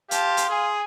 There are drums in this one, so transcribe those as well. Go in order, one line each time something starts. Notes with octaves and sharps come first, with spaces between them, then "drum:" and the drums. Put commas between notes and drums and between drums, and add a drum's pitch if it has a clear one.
G4 F5 A5 C6, drum: hi-hat
drum: hi-hat
G#4 G#5